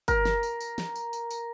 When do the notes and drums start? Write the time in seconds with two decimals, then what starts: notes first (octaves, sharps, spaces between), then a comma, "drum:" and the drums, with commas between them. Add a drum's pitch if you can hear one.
0.08 A#4, drum: kick G1, tambourine
0.25 drum: snare
0.43 drum: tambourine
0.60 drum: tambourine
0.78 drum: snare
0.95 drum: tambourine
1.13 drum: tambourine
1.30 drum: tambourine